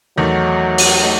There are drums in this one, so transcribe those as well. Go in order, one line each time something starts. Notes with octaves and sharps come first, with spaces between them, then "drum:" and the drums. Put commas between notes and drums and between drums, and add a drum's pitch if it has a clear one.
E2 D#3 F#3 A3 D#4
drum: open hi-hat
A3 D#4